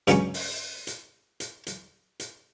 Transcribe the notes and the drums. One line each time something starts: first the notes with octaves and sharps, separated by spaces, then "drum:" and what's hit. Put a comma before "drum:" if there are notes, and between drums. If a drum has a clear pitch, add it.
G2 C#3 F#3 C#4 C#6, drum: hi-hat
drum: open hi-hat
drum: hi-hat
drum: hi-hat
drum: hi-hat
drum: hi-hat